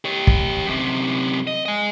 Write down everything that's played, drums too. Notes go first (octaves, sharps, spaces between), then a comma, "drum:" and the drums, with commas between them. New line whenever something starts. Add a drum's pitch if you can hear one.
G4 C#5
drum: kick
F#2 C3
D#5
D#5 G#5